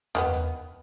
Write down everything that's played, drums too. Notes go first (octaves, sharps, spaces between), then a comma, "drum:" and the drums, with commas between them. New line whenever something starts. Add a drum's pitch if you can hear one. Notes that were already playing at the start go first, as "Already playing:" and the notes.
D#3 G#3 B3, drum: tom E2
drum: hi-hat